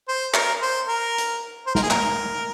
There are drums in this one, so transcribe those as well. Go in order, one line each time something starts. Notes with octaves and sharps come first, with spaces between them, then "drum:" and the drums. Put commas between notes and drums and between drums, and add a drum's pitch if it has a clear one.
C5
A#4, drum: clap
C5
A#4
drum: hi-hat
C5
A#4, drum: snare
G#4
A#4, drum: clap